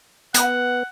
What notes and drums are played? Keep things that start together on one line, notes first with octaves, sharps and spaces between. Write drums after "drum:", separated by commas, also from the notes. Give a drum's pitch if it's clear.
B3 F#5, drum: hi-hat